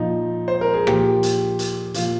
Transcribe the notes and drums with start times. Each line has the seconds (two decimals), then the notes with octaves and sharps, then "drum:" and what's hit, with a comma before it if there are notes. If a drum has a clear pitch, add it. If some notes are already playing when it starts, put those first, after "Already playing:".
Already playing: A#2 F3 D#4
0.48 C5
0.61 A#4
0.74 G#4
0.87 A#2 F3 G4, drum: rim click
1.23 drum: hi-hat
1.59 drum: hi-hat
1.94 A#2 F3 F4, drum: hi-hat